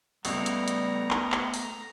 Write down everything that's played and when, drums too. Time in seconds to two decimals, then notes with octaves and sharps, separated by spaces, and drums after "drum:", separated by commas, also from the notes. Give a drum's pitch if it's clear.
0.25 C#2 G3 A3 B3 C#5 A#5, drum: open hi-hat
0.46 drum: hi-hat
0.68 drum: hi-hat
1.11 drum: clap
1.32 drum: clap
1.54 drum: open hi-hat